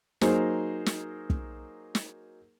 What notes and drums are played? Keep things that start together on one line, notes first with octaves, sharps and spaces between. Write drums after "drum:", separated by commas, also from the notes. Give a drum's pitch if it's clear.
F#3 A#3 D#4 G#4 A#4 C5, drum: snare
drum: snare
drum: kick
drum: snare